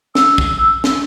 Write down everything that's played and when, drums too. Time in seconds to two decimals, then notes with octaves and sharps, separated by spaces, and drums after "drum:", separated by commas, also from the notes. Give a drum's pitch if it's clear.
0.15 E6, drum: snare
0.38 drum: kick
0.84 drum: snare